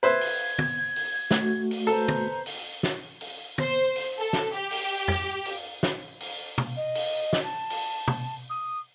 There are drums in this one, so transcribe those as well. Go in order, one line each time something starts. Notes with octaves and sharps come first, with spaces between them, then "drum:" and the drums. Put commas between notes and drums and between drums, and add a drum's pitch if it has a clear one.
B4 C5 E5 G#6
drum: open hi-hat
drum: tom
drum: open hi-hat
A3 F#4, drum: snare
drum: open hi-hat
A4 B4 C5 A#5
drum: tom
drum: open hi-hat
drum: snare
drum: open hi-hat
C5, drum: tom
drum: open hi-hat
A4
drum: snare
G4
drum: open hi-hat
drum: tom F2
drum: open hi-hat
drum: snare
drum: open hi-hat
drum: tom
D#5
drum: open hi-hat
drum: snare
A5
drum: open hi-hat
drum: tom
D#6